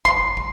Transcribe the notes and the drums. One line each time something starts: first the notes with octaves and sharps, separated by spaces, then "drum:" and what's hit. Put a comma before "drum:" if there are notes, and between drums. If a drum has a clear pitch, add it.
C6, drum: kick
drum: kick